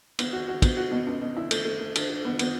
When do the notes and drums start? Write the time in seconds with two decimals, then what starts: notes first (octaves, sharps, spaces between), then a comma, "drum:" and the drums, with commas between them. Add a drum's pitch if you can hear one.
0.19 B3, drum: cymbal
0.33 F#4
0.48 F#4
0.62 B3, drum: kick, cymbal
0.77 F#4
0.91 B2
1.07 C#2
1.21 B2
1.37 E4
1.51 A3, drum: cymbal
1.65 A3
1.80 A3
1.95 D3, drum: cymbal
2.09 D3
2.25 B3
2.39 B3, drum: cymbal